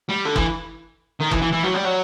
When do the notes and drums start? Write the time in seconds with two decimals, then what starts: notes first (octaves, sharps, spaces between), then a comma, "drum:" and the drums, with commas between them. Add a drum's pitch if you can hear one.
0.09 G3
0.25 D3
0.36 E3, drum: kick G1
1.20 D#3
1.31 E3, drum: kick G1
1.42 E3
1.53 E3
1.64 F#3
1.74 G3
1.85 F#3